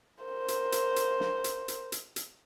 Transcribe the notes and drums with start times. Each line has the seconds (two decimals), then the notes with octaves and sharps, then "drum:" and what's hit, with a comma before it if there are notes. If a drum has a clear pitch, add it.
0.24 A#4 C5
0.48 drum: hi-hat
0.72 drum: hi-hat
0.96 drum: hi-hat
1.20 drum: snare
1.44 drum: hi-hat
1.68 drum: hi-hat
1.92 drum: hi-hat
2.16 drum: hi-hat